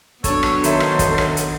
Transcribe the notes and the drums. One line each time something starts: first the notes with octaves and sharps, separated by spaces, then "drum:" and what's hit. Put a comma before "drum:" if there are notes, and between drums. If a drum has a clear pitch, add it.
F#3 B3 D4 A4 C#5 E6, drum: kick, hi-hat
drum: rim click
D#3 A4 C5 C#5 E5, drum: hi-hat
drum: rim click
drum: kick, hi-hat
drum: rim click
drum: hi-hat